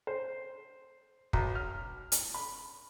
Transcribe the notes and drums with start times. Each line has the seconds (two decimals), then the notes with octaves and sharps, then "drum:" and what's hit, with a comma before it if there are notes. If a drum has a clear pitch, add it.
0.07 C5
1.33 B1, drum: kick
1.55 F6
2.12 drum: hi-hat
2.34 B5